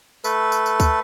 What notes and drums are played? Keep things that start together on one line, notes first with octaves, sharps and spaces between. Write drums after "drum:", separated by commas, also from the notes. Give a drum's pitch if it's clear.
A3 A4 B4, drum: tambourine
drum: tambourine
drum: tambourine
drum: kick D2, tambourine